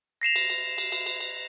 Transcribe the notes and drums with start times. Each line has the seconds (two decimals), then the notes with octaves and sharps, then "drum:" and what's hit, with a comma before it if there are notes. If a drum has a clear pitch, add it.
0.22 A#6 C7 E7 F7
0.36 drum: cymbal
0.50 drum: cymbal
0.78 drum: cymbal
0.92 drum: cymbal
1.06 drum: cymbal
1.20 drum: cymbal